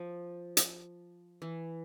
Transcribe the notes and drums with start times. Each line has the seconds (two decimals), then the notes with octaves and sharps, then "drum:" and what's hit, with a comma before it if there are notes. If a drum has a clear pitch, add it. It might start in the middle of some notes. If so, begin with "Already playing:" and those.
Already playing: F3
0.57 drum: hi-hat
1.42 E3